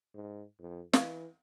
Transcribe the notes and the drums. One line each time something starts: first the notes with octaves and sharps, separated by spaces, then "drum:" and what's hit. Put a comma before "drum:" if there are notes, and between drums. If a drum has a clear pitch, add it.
G#2
F2
E3 F5 C#6 G#6, drum: snare